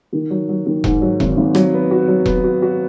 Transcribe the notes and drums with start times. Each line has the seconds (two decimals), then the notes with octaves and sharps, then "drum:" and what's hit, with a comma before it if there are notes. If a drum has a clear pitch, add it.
0.13 D#3
0.30 F#3
0.49 F#3
0.66 D#3
0.84 G#2, drum: kick E1
1.01 F#3
1.20 G#1, drum: kick E1
1.37 G#1
1.55 F#3, drum: rim click
1.74 B3
1.91 F#4
2.08 F#3
2.26 B3, drum: kick E1
2.44 F#4
2.62 F#4